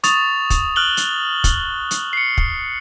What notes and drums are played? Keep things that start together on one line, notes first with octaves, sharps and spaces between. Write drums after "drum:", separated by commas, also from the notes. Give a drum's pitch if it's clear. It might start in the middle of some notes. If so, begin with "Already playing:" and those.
C#6 D#6 A6 F7, drum: hi-hat
drum: kick, hi-hat
F6 F#6 F#7 G7
drum: hi-hat
drum: kick, hi-hat
drum: hi-hat
C7 C#7
drum: kick